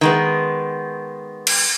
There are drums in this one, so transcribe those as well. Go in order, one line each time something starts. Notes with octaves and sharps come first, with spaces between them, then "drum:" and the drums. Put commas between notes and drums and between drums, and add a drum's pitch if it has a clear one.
D#3 G#3 B3
drum: cymbal